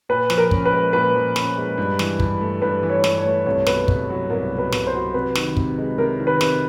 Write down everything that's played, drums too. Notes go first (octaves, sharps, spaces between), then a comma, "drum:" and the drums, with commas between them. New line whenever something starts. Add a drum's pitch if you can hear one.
A#2 B4
F3, drum: snare
A#4
C#4, drum: kick
B4
G#3
A#2 B4
F3
C#4, drum: snare
G#3
G2
E3, drum: snare
G2, drum: kick
A3
G2 B4
E3
C#5
G2, drum: snare
C#5
A3
C2 C#5
B2 B4, drum: snare
C2, drum: kick
F#3
C2 A#4
B2
B4
C2, drum: snare
C5
F#3
C3 B4
D#3, drum: snare
C3, drum: kick
G#3
C3 A#4
D#3
B4
C3, drum: snare